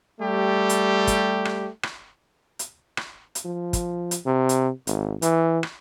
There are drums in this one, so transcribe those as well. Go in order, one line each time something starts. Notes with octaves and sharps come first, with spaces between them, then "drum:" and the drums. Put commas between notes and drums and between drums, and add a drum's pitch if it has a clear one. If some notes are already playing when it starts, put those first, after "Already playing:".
G3 A3 G4
drum: hi-hat
drum: kick, hi-hat
drum: rim click
drum: rim click
drum: hi-hat
drum: rim click
drum: hi-hat
F3
drum: kick, hi-hat
drum: hi-hat
C3
drum: hi-hat
G#1, drum: hi-hat
E3, drum: hi-hat
drum: rim click